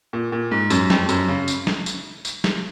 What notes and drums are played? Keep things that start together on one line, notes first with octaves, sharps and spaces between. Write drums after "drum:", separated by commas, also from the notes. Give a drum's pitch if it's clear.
A#2
A#2
G#2
F#2, drum: tambourine
F2, drum: snare
F#2, drum: tambourine
C#3
drum: tambourine
drum: snare
drum: tambourine
drum: tambourine
drum: snare